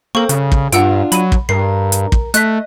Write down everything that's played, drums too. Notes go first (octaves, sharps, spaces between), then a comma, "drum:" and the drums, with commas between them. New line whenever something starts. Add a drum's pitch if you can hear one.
A#3 C4 A4 C#6
G2 C#3, drum: hi-hat
drum: kick
G2 D4 F4 F#5 E6 D7, drum: hi-hat
F#3 B5 D#7, drum: hi-hat
drum: kick
G2 A#4 C7
drum: hi-hat
drum: kick
A3 D#5 F#6 B6, drum: hi-hat